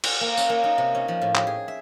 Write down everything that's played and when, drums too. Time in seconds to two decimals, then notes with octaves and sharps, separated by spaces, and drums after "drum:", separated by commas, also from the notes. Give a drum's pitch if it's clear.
0.04 C5, drum: cymbal
0.21 A#3
0.37 C#4, drum: tambourine
0.50 A#3
0.64 D#4
0.78 C3
0.95 C#4
1.08 F3
1.21 A2
1.35 G4, drum: clap
1.47 G#4
1.68 E5